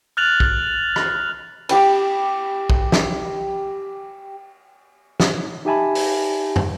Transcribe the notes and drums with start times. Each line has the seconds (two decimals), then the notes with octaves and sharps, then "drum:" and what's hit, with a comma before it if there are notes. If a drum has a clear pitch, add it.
0.17 F6 F#6 A6 F7 F#7
0.40 drum: kick
0.96 drum: rim click
1.69 G4 G5 B5, drum: cymbal
2.70 drum: kick
2.92 drum: snare
5.20 drum: snare
5.65 D#4 G4 E5 G#5 A5 B5
5.95 drum: open hi-hat
6.56 drum: tom